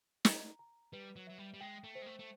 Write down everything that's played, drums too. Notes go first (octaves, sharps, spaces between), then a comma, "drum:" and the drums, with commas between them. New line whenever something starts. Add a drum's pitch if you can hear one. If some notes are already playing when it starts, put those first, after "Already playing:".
A#5, drum: snare
A#5
G3 B4
F#3
F#3 E5
G3
G3
G#3 G5
A3
C5
G#3
A3
A3